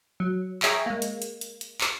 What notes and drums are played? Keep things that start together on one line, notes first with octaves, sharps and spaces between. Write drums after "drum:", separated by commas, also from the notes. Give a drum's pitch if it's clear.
F#3
G#4 C#5 E5 G5 A#5, drum: clap
G#3 A#3
drum: hi-hat
drum: hi-hat
drum: hi-hat
drum: hi-hat
drum: clap